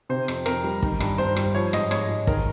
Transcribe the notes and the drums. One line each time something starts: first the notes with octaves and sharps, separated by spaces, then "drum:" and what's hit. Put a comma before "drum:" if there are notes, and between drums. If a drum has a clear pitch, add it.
C3 C5
F2, drum: rim click
F2 A#4, drum: rim click
G3
D#3, drum: kick
G2, drum: rim click
G2 C5
G3, drum: rim click
F3 C#5
G#2 D#5, drum: rim click
G#2 C#5, drum: rim click
G#3
D#3 A#4, drum: kick